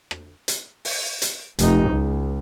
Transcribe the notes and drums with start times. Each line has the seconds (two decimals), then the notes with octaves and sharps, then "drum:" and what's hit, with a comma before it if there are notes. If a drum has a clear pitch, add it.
0.11 drum: rim click
0.48 drum: hi-hat
0.85 drum: open hi-hat
1.22 drum: hi-hat
1.59 F1 D#4, drum: hi-hat
1.90 C#2